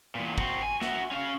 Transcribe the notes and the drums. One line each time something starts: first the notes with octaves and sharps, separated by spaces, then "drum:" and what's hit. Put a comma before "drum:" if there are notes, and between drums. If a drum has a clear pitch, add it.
E2 A#2
C4 F#4, drum: kick
G#5
F#4 E5, drum: snare
C#4 F5